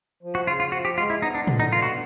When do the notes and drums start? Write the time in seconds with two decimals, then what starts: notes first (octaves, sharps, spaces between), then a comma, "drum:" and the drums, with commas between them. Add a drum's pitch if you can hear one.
0.23 F3
0.35 F#4
0.47 C#3 F4
0.60 F4
0.72 F3 F#4
0.85 G4
0.97 G#3 F4
1.10 E4
1.22 B3 D#4
1.35 D4
1.47 D3, drum: tom A2
1.60 D#4
1.72 B3 F4
1.82 F#4